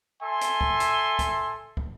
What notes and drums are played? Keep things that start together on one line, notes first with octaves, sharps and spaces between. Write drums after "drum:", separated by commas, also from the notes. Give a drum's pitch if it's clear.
A4 E5 G#5 C6
drum: hi-hat
drum: kick
drum: hi-hat
drum: kick, hi-hat
drum: kick